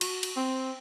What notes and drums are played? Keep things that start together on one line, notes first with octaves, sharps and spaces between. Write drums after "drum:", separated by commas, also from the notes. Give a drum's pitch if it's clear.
F#4, drum: cymbal
drum: cymbal
C4